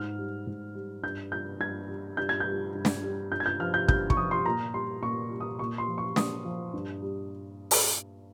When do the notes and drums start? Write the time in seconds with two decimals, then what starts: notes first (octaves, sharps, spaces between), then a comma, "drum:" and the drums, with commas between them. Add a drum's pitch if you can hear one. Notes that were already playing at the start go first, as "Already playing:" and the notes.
Already playing: G#2 F6
0.18 G3
0.47 G#2
0.75 G3
1.03 G2 G6
1.32 G3 G6
1.60 G2 G#6
1.89 G3
2.17 G2 G6
2.29 G#6
2.40 G6
2.46 G3
2.75 G2
2.85 drum: snare
3.03 G3
3.31 G2 G6
3.40 G#6
3.46 G6
3.60 F3 F6
3.74 G6
3.88 G2 G6, drum: kick
4.10 C#6, drum: kick
4.17 F3 D#6
4.31 C6
4.46 A#2 A#5
4.74 G3 C6
5.02 A#2 C#6
5.31 G3
5.40 D#6
5.59 A#2 C#6
5.78 C6
5.88 F3
5.98 C#6
6.16 A#2 D#6, drum: snare
6.45 F3
6.74 G2
7.02 G3
7.71 drum: open hi-hat